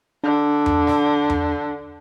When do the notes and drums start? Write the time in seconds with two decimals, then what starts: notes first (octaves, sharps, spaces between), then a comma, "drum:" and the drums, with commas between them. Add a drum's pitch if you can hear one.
0.24 D3 D4
0.66 drum: tom E2
0.87 drum: snare
1.30 drum: tom E2